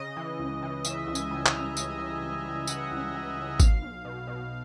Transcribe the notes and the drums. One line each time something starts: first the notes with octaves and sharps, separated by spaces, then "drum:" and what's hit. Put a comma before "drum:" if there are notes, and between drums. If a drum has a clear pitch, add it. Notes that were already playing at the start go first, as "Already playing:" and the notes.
Already playing: C#3 D#5
E3
C#2
E3
C#3 E5, drum: tambourine
C#2
G#5, drum: tambourine
G3
A#5, drum: clap
C#2
C#3 G#5, drum: tambourine
C#3
C#2
G3
E3 F#5, drum: tambourine
C#2
E3
C#3
B1 F5, drum: kick G#1, tambourine
B1
B2
B2